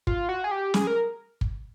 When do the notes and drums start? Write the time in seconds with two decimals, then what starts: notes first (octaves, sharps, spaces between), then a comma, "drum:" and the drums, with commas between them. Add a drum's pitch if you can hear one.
0.07 F4, drum: kick
0.29 F#4
0.44 G#4
0.51 G4
0.74 G#4, drum: snare
0.87 A#4
1.41 drum: kick